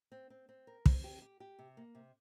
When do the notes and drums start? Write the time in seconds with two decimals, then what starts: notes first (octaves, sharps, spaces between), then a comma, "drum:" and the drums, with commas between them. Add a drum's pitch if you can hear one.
0.12 C4
0.30 C4
0.49 C4
0.67 A#4
0.86 C4, drum: kick
1.04 G4
1.22 G4
1.40 G4
1.59 C3
1.77 A#3
1.95 C3